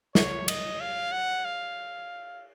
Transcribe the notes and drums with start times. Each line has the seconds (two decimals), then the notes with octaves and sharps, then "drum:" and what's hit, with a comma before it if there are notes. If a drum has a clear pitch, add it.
0.15 C#5, drum: snare
0.48 D#5, drum: cymbal
0.81 F5
1.12 F#5
1.45 F5